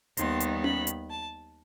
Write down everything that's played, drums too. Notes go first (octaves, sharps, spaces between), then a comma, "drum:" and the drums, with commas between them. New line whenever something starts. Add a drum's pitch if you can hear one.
D#2 D#3 G3 B3 C6, drum: hi-hat
drum: hi-hat
B5, drum: tom C#4
drum: hi-hat
A5